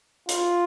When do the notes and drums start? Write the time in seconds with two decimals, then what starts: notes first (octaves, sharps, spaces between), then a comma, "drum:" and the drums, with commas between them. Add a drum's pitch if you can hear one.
0.29 F4, drum: hi-hat